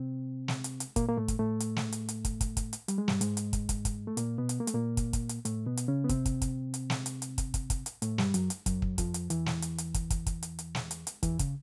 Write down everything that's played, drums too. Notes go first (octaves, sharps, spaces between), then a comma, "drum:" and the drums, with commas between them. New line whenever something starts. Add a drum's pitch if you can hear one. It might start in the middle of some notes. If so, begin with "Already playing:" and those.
Already playing: C3 C4
drum: snare
drum: hi-hat
drum: hi-hat
A#2 A#3, drum: kick, hi-hat
A#3
A2 A3
drum: kick, hi-hat
A2 A3
drum: hi-hat
drum: snare
drum: hi-hat
drum: hi-hat
drum: kick, hi-hat
drum: kick, hi-hat
drum: kick, hi-hat
drum: hi-hat
G3, drum: hi-hat
G#3
G2 G3, drum: snare
G#2 G#3, drum: hi-hat
drum: hi-hat
drum: kick, hi-hat
drum: kick, hi-hat
drum: kick, hi-hat
A3
A#2 A#3, drum: hi-hat
B2 B3
drum: hi-hat
A#3
A3, drum: hi-hat
A#2 A#3
drum: kick, hi-hat
drum: kick, hi-hat
drum: hi-hat
A2 A3, drum: hi-hat
B2 B3
drum: hi-hat
C#3 C#4
B3
C3 C4, drum: kick, hi-hat
drum: kick, hi-hat
drum: kick, hi-hat
drum: hi-hat
drum: snare
drum: hi-hat
drum: hi-hat
drum: kick, hi-hat
drum: kick, hi-hat
drum: kick, hi-hat
drum: hi-hat
A2 A3, drum: hi-hat
G2 G3, drum: snare
F#2 F#3, drum: hi-hat
drum: hi-hat
F#2 F#3, drum: kick, hi-hat
drum: kick
F2 F3, drum: kick, hi-hat
drum: hi-hat
E2 E3, drum: hi-hat
drum: snare
drum: hi-hat
drum: hi-hat
drum: kick, hi-hat
drum: kick, hi-hat
drum: kick, hi-hat
drum: hi-hat
drum: hi-hat
drum: snare
drum: hi-hat
drum: hi-hat
E2 E3, drum: kick, hi-hat
C#3, drum: kick, hi-hat